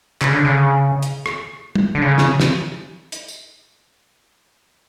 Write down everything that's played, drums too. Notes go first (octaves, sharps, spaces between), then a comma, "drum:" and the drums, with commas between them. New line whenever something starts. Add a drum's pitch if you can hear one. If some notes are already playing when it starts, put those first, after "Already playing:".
C#3, drum: clap
D3
C#3
drum: hi-hat
drum: rim click
drum: tom
D3
C#3
drum: snare
drum: snare
drum: hi-hat
drum: tambourine